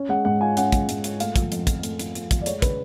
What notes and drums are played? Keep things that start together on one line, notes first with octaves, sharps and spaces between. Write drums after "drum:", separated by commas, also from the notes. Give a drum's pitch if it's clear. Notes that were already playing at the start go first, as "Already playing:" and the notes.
Already playing: C#4
G#3 F#5
G#2 F#5
F4 G#5
C#4 F#5, drum: hi-hat
G#3, drum: kick, hi-hat
G#2, drum: hi-hat
F4, drum: hi-hat
A3 F5, drum: hi-hat
F3, drum: kick, hi-hat
F2, drum: hi-hat
F2, drum: kick, hi-hat
A3, drum: hi-hat
F3, drum: hi-hat
F2, drum: hi-hat
F2, drum: kick, hi-hat
D5
G#3 C#5, drum: hi-hat
C#3 B4, drum: kick, hi-hat